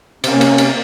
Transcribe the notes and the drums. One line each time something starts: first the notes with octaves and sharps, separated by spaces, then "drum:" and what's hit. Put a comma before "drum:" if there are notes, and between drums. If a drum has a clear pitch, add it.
C3 A#3 C#4, drum: cymbal
drum: cymbal
drum: cymbal